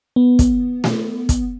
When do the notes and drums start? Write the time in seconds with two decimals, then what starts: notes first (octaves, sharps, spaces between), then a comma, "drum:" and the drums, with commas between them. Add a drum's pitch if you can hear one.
0.16 B3
0.39 drum: kick, hi-hat
0.84 drum: snare A3
1.29 drum: kick, hi-hat